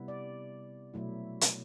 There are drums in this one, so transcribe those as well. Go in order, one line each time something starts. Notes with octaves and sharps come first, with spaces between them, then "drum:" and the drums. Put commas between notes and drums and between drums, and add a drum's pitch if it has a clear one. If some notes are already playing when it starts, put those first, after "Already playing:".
Already playing: C3 G3 B3 E4
D5
B2 F#3 A3 E4
drum: hi-hat